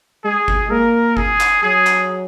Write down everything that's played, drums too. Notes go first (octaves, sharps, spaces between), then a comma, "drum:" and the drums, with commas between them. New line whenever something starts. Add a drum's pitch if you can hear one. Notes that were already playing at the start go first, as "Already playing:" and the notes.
G#3 G#4
drum: kick G1
A#3 A#4
G#4, drum: kick G1
drum: clap
F#3 G#4
drum: clap